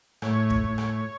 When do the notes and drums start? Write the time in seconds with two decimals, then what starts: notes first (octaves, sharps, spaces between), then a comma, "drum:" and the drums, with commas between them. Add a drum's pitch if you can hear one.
0.22 A2 C#5, drum: rim click
0.50 drum: kick
0.64 A2
0.78 drum: rim click